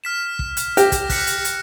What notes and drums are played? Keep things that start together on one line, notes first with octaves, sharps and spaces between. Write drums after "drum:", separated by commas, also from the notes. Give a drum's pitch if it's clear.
F6 B6 E7
drum: kick
drum: hi-hat
G4 A#6, drum: hi-hat
drum: kick, hi-hat
F#6 B6 C#7, drum: kick, open hi-hat
drum: hi-hat
drum: hi-hat